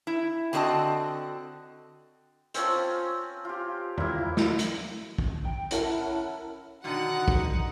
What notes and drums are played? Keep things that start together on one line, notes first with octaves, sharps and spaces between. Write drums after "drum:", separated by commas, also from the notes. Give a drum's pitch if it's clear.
E4
D3 C4 F#4 A4 D#5 A5
C4 C#4 F4 A5, drum: hi-hat
F4 G4
A#3 E4, drum: tom E2
drum: snare
drum: hi-hat
drum: kick
G5
C#4 E4 A#4 F#5 A5, drum: hi-hat
B2 D3 D#3 D#4 F#4 F#5
drum: kick